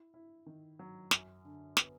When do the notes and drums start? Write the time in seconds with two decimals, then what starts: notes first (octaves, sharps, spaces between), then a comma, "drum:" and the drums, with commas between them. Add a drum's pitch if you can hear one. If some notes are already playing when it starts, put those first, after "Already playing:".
Already playing: E4
0.14 E4
0.46 D#3
0.79 F#3
1.11 F#2, drum: snare
1.45 D3
1.77 B3, drum: snare